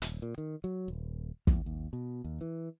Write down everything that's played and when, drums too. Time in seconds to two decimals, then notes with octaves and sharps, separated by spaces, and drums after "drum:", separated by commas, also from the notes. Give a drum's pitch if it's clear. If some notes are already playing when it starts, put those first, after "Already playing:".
0.02 D#1, drum: hi-hat
0.22 A#2
0.38 D#3
0.64 F#3
0.88 D#1
1.47 E2, drum: kick
1.66 D#2
1.93 B2
2.24 D#2
2.41 E3